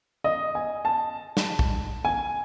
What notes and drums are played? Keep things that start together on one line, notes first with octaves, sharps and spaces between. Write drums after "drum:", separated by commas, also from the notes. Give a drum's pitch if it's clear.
D#5
G#5
A5
drum: snare
drum: kick
G#5